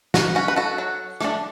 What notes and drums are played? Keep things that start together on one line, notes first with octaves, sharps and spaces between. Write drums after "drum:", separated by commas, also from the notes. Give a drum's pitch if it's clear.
F#4, drum: snare
C#4 F#4
B4
F#4 A4
F#3
A3 D4, drum: rim click